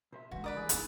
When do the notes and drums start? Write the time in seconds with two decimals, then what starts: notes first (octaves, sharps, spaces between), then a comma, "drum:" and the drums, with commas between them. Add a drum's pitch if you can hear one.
0.12 B2 B4 C5 E5
0.31 D3 E3 G#3 F#4
0.44 D4 A#4 B4 D5 F#5 D#6
0.57 A2 E3 G#4
0.69 F#2 B3 C#4 D#4 E4, drum: hi-hat